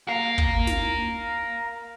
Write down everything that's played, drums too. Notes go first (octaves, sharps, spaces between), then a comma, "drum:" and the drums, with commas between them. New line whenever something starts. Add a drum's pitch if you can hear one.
A#4 F5
drum: kick
drum: snare